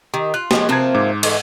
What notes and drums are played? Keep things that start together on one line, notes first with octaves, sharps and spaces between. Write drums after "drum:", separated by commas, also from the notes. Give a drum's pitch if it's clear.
D#3 G4
F4 F#6
F3 G#3 C#4 G4, drum: snare
C3 F3 A#3 C4 A5 G#6
G#2 D6
E3 G#3 A3, drum: cymbal